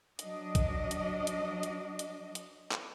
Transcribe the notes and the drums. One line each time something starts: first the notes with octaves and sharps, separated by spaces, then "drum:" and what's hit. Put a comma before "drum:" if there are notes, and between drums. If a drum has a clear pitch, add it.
F#3 D4 D#5, drum: hi-hat
drum: kick, hi-hat
drum: hi-hat
drum: hi-hat
drum: hi-hat
drum: hi-hat
drum: hi-hat
drum: clap